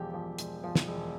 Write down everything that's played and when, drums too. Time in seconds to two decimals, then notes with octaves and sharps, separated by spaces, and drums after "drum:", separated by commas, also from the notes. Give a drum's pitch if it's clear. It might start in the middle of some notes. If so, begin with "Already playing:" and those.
Already playing: E1 F3 G4
0.14 F3
0.38 E1, drum: hi-hat
0.64 F3
0.75 drum: snare
0.87 E1